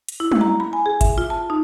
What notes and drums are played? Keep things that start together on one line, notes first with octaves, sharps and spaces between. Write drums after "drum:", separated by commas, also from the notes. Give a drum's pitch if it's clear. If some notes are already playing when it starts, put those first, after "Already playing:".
drum: hi-hat
E4
drum: tom
A#5
B5
G#5
G#4
E5, drum: kick G1, hi-hat
F4
A5
D#4